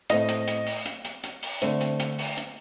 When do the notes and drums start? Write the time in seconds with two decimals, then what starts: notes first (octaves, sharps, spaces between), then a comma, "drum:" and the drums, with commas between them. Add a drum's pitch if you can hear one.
0.10 A2 A3 C4 D#5, drum: hi-hat
0.29 drum: hi-hat
0.48 drum: hi-hat
0.67 drum: open hi-hat
0.86 drum: hi-hat
1.05 drum: hi-hat
1.24 drum: hi-hat
1.43 drum: open hi-hat
1.62 D3 A3 C4, drum: hi-hat
1.81 drum: hi-hat
2.00 drum: hi-hat
2.19 drum: open hi-hat
2.38 drum: hi-hat